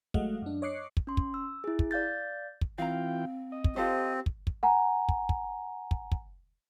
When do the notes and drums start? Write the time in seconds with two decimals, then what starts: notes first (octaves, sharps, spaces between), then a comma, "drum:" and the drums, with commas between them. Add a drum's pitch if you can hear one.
0.14 F#3 G#3 A3 D#5 F5 F#5, drum: kick
0.42 F#2 D4
0.62 C#5 D#5 D6 F#6 C7 C#7
0.97 drum: kick
1.07 C#4 C6
1.17 drum: kick
1.34 E6
1.64 E4 G#4
1.79 drum: kick
1.91 D5 F5 G6 A6
2.61 drum: kick
2.78 E3 C4 F4 F5 G5 A#5
3.52 D#5
3.64 drum: kick
3.76 C4 F4 G4 A4 C5
4.26 drum: kick
4.47 drum: kick
4.63 F#5 G#5 A#5
5.09 drum: kick
5.29 drum: kick
5.91 drum: kick
6.12 drum: kick